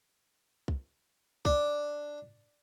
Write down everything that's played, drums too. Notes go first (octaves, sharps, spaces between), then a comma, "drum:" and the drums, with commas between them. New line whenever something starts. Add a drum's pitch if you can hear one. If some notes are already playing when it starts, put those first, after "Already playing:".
drum: kick
D4, drum: kick